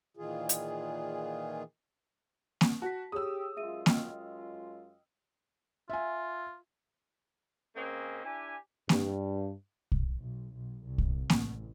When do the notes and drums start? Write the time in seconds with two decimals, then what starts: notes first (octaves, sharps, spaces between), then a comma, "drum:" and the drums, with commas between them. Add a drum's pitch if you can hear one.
0.17 A#2 D#3 E3 F4 G#4
0.49 drum: hi-hat
2.61 drum: snare A#3
2.82 F#4 A5 B6
3.12 G4 G#4 C#5 D#6 E6
3.57 F#2 G#3 F4 G#4 E5 D#7
3.86 D#5 G5 F6, drum: snare A#3
5.90 F4 E5 G#5
7.76 C#3 A#3 C4 C#4 D#5
8.24 D4 E4 G4 G#5
8.89 G2, drum: snare A#3
9.92 drum: kick
10.19 B1
10.56 B1
10.86 C2
10.98 drum: kick
11.30 A1, drum: snare A#3